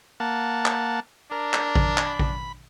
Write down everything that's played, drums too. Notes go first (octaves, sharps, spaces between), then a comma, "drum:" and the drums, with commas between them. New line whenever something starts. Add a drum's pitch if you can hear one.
A#3 F#5 A5
drum: clap
D4 A#4
drum: clap
drum: kick A1
drum: clap
B5
drum: kick A1